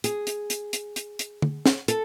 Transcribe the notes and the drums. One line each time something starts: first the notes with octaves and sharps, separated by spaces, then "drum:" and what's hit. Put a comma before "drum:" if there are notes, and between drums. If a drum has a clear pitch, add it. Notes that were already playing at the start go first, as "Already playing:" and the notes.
G#4, drum: hi-hat
drum: hi-hat
drum: hi-hat
drum: hi-hat
drum: hi-hat
drum: hi-hat
drum: tom
drum: snare
A4, drum: hi-hat